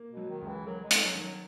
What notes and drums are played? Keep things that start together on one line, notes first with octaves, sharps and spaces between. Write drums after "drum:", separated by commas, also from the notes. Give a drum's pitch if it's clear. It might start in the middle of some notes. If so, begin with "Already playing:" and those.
Already playing: A#3
B2
F#3
D#3
C#2
E3
F#3 A#4
G#3
D#4, drum: hi-hat
F#3
D#3
F#3